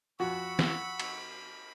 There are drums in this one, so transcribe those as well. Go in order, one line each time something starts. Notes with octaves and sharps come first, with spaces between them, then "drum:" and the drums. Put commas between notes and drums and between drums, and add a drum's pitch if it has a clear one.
F2 F#4 F#5 B5 C#6 E6
drum: snare
drum: cymbal